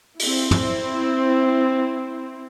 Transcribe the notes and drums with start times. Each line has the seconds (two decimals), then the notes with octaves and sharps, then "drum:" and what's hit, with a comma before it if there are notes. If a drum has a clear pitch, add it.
0.19 C4 E4, drum: open hi-hat
0.51 drum: tom